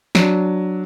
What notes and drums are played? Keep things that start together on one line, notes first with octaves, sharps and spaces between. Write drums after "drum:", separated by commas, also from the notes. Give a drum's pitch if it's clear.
F#3 D4, drum: snare